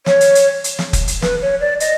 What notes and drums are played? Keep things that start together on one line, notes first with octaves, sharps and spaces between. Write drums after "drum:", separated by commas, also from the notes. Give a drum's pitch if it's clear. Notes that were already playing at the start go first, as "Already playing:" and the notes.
C#5, drum: snare
drum: hi-hat
drum: hi-hat
drum: hi-hat
drum: snare
drum: kick, hi-hat
drum: hi-hat
B4, drum: snare
C#5
D5
D#5, drum: hi-hat